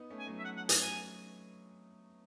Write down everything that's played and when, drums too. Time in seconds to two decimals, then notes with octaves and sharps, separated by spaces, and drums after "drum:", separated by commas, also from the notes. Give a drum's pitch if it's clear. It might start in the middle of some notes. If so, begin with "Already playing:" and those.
Already playing: B3 D#4
0.10 A3 C#4
0.19 G#5
0.27 F#3 A3
0.39 E5
0.44 F#5
0.57 F#5
0.69 G#5, drum: hi-hat
0.82 G#5